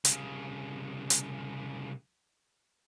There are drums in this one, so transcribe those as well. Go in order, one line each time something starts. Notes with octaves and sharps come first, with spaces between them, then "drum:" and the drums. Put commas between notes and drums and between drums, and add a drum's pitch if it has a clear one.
C2 C#3, drum: hi-hat
drum: hi-hat